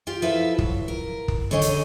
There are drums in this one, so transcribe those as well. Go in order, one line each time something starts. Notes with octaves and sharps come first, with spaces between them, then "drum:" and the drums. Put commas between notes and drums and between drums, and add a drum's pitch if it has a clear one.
F4 G4 F5
F3 E4 F4 A4 B4 E5
F#3, drum: kick
A#4
drum: kick
D3 C#4 D#4 C#5 D#5 G#5
drum: hi-hat